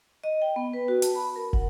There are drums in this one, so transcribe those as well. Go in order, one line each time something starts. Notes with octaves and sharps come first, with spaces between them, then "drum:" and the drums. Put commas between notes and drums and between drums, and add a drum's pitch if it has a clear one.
D#5
G5
B3
B4
F#4
A5, drum: hi-hat
B5
A#4
F#5, drum: kick